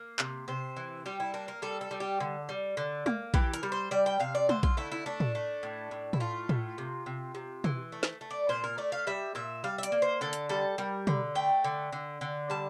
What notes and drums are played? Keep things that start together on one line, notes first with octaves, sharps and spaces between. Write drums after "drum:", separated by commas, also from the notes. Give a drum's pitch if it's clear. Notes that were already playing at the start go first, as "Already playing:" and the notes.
Already playing: A#3
C3, drum: clap
C3 C5
E3
G3 G4
E4
A#3 D4
A#4
G3 A4
A4
G3
G4
D3
G3
D3
A#3, drum: tom G#3
E3 G4, drum: kick A#1
A#4, drum: hi-hat
G3
C5
G3 D5
G5
C3 F5
D5
D3 C5, drum: tom G#3
F4, drum: kick A#1
A3 E4
E4
A3 D4
drum: tom
A3
A2
A2
E4, drum: tom
A3 F4
A2, drum: tom
C3
C3
C3
E3, drum: tom
A3
drum: snare
A3
D5
A#2 C5
A#4
A3 D5
F5
G3 E5
A#2 E5
G3 F5
E5
D5, drum: hi-hat
A#3
C5
D3 A4
drum: hi-hat
G3 A4
G3 A#4
D3, drum: tom
A3 G5
D3
D3
D3
G3 A5